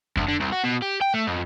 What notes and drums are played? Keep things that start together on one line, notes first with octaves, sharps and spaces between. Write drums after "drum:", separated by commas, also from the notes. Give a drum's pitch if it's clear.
D2, drum: kick F2
D3
C2
F#4
B2
G4
G5
A3
F2